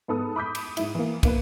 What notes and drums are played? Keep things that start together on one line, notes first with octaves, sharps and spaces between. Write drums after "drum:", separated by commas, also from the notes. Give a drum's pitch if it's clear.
G#2 B3 A4 D#6
B5 D6 D#6 G6 B6
drum: cymbal
G#2 E4, drum: cymbal
E3 A#3
A#1 A#3 B4, drum: kick, cymbal